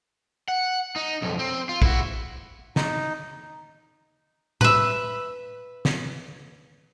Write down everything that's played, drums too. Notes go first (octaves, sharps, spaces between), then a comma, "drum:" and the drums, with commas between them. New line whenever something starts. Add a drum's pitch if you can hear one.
F#5
D#4
B1 F2
C4
F4
E4 F#4, drum: kick
D#4, drum: snare
B4 E5, drum: tom A2
drum: snare